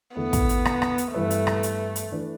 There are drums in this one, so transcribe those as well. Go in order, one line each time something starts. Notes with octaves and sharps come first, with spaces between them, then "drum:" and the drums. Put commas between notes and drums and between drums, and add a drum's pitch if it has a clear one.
E2 D3 A3 B3 E4 A4
drum: kick, hi-hat
drum: hi-hat
drum: rim click
drum: rim click
drum: hi-hat
G2 E3 G3 A3 E4 B4
drum: hi-hat
drum: rim click
drum: hi-hat
drum: hi-hat
E3 A3 D4 B4